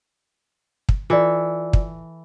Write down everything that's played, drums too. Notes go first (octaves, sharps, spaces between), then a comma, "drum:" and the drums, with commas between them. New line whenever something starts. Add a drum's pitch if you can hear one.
drum: kick
E3 F4 A4 D5
drum: kick